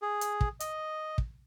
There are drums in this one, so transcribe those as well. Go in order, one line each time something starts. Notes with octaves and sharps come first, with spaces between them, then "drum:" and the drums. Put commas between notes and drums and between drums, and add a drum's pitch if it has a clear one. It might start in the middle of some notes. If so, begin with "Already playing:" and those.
G#4
drum: hi-hat
drum: kick
D#5, drum: hi-hat
drum: kick